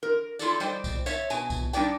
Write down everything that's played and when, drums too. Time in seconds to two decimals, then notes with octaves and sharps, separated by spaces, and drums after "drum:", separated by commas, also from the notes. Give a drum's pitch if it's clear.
0.03 A#4
0.39 E4 F4 A4 D5, drum: tambourine
0.60 G3 C5 D5 D#5 G5, drum: tambourine
0.84 drum: kick B1, tambourine
1.06 C#5 E5, drum: tambourine
1.30 B2 G#5, drum: tambourine
1.50 drum: kick B1, tambourine
1.73 G3 D4 D#4 D5 G5, drum: tambourine